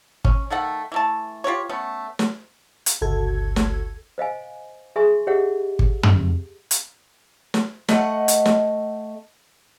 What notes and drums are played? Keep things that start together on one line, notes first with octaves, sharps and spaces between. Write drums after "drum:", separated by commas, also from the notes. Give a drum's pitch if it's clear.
C#4, drum: kick
D#3 A3 A4 F#5
E3 A3 A5
F4 G4 B4 C#5
A3 B3 C#4
drum: snare
drum: hi-hat
G1 C#2 F#4 A4 G#6
drum: snare
C5 D#5 F5 G#5
G#4 E5 G#5 C6 C#6
G4 C#5 D#5 E5 F#5
drum: kick
drum: tom
drum: hi-hat
drum: snare
A3 D#5 E5 F#5, drum: snare
drum: hi-hat
drum: snare